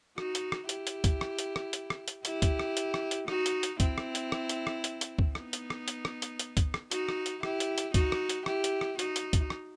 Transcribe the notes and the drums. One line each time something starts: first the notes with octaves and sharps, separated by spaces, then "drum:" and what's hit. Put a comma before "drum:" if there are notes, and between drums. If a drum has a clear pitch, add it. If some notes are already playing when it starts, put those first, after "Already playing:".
D#4 F#4, drum: rim click
drum: hi-hat
drum: rim click
E4 G4, drum: hi-hat
drum: hi-hat
drum: kick C#2, hi-hat
drum: rim click
drum: hi-hat
drum: rim click
drum: hi-hat
drum: rim click
drum: hi-hat
E4 G4, drum: hi-hat
drum: kick C#2, hi-hat
drum: rim click
drum: hi-hat
drum: rim click
drum: hi-hat
D#4 F#4, drum: rim click
drum: hi-hat
drum: hi-hat
C4 E4, drum: kick C#2, hi-hat
drum: rim click
drum: hi-hat
drum: rim click
drum: hi-hat
drum: rim click
drum: hi-hat
drum: hi-hat
drum: kick C#2
B3 D#4, drum: rim click
drum: hi-hat
drum: rim click
drum: hi-hat
drum: rim click
drum: hi-hat
drum: hi-hat
drum: kick C#2, hi-hat
drum: rim click
D#4 F#4, drum: hi-hat
drum: rim click
drum: hi-hat
E4 G4, drum: rim click
drum: hi-hat
drum: hi-hat
D#4 F#4, drum: kick C#2, hi-hat
drum: rim click
drum: hi-hat
E4 G4, drum: rim click
drum: hi-hat
drum: rim click
D#4 F#4, drum: hi-hat
drum: hi-hat
drum: kick C#2, hi-hat
drum: rim click